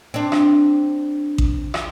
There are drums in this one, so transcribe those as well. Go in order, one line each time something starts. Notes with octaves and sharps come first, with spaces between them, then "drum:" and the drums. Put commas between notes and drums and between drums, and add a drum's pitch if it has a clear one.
C4 D4
drum: rim click
drum: kick A1
drum: rim click